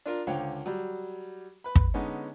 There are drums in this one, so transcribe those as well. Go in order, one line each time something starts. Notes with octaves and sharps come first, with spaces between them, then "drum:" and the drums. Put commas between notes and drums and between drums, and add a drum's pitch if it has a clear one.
D4 F4 A#4
C#2 D3 C5 C#5 F5 G5
F#3 G3
B4 B5
drum: kick
D3 G#3 B3 C#4 D#4